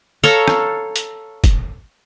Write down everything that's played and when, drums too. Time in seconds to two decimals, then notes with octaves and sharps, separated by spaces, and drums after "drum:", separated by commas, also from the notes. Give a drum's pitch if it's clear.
0.24 A4 C#5 F5 A#5
0.48 drum: rim click
0.96 drum: hi-hat
1.44 drum: kick, hi-hat